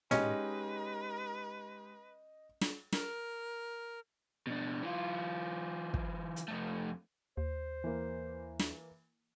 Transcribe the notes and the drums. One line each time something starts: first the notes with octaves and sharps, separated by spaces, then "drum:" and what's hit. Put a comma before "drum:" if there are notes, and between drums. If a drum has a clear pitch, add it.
G#3 C#4 D#4 G4 B4 D#5, drum: tom
drum: snare
A#4, drum: snare
B2 D4
E3 F4
drum: kick
drum: hi-hat
F2 A3
D#2 C5
E3 A#3
drum: snare